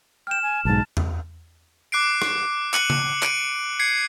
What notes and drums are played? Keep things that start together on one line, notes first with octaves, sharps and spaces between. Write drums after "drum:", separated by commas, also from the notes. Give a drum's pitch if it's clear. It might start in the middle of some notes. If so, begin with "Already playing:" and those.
G5 F6 E7
G#5
B1 G#2 A5
drum: tom E2
D6 F#6 C7 D7
drum: rim click
F#6 C#7 D#7 F#7, drum: clap
drum: tom C#3
D7 D#7 F#7, drum: clap
G#6 C7 C#7